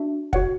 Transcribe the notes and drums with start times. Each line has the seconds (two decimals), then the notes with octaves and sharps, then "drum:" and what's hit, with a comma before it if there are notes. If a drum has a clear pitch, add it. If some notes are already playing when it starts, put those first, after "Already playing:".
Already playing: D4 F#4 E5
0.33 F#4 C#5 F#5, drum: kick